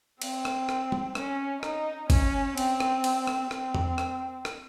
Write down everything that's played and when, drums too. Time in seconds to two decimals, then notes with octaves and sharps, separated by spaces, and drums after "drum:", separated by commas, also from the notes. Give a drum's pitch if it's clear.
0.22 C4, drum: cymbal
0.45 drum: rim click
0.69 drum: rim click
0.92 drum: tom G3
1.15 C#4, drum: rim click
1.63 D#4, drum: rim click
2.10 C#4, drum: kick G1, cymbal
2.58 C4, drum: cymbal
2.80 drum: rim click
3.04 drum: cymbal
3.27 drum: rim click
3.51 C4, drum: rim click
3.75 drum: tom E2
3.98 drum: rim click
4.45 drum: rim click